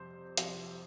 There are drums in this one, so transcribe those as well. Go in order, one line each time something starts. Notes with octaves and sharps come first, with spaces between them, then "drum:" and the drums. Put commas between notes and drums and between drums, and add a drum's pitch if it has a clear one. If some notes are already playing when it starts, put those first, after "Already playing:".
Already playing: F2 C3 G3 C5
F2 C3 G3, drum: hi-hat